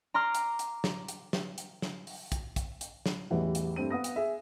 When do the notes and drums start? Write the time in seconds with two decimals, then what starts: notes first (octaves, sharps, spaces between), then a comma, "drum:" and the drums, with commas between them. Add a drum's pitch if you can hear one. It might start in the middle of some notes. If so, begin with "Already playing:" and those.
0.14 A#5 C6 D6 F6
0.35 drum: hi-hat
0.59 drum: hi-hat
0.84 drum: snare
1.08 drum: hi-hat
1.33 drum: snare
1.58 drum: hi-hat
1.82 drum: snare
2.07 drum: open hi-hat
2.32 drum: kick, hi-hat
2.56 drum: kick, hi-hat
2.81 drum: hi-hat
3.06 drum: snare
3.30 A1 E2 E3 F#3 G3
3.55 drum: hi-hat
3.76 G2 A3 C4 D#7
3.91 B3 F5 D#6 A#6
4.04 drum: hi-hat
4.16 G#4 E5